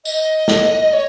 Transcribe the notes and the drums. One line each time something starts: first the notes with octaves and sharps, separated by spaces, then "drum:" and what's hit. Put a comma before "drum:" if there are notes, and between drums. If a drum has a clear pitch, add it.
D#5, drum: tambourine
drum: snare
C#5